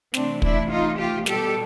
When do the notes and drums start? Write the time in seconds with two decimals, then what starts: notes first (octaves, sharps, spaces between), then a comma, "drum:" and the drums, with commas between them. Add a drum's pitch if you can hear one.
0.14 C3 E3 A3 C4 D4, drum: snare
0.42 D4 E4, drum: kick
0.70 D#4 F4
0.98 F4 G4
1.26 B2 G3 G4 A4, drum: snare